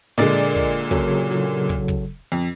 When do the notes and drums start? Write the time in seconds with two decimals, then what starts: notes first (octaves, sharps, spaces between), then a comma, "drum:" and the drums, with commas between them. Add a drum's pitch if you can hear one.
0.18 A#2 D3 G#3 D5 D#5
0.56 drum: kick
0.91 C#3 F#3 A4, drum: kick
1.31 drum: snare
1.69 drum: kick
1.88 drum: kick
2.32 F2